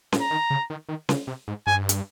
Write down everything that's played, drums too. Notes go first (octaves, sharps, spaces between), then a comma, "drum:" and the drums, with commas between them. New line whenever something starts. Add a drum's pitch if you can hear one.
A#2, drum: snare C#4
A#5
D#3
C#3
D#3
D#3
C#3, drum: snare C#4
C3
G#2
G2 G#5
drum: hi-hat